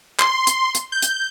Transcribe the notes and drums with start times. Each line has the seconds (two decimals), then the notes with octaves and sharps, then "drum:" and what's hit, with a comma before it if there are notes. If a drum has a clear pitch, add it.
0.19 C6, drum: clap
0.47 drum: hi-hat
0.75 drum: hi-hat
0.92 G6
1.02 drum: hi-hat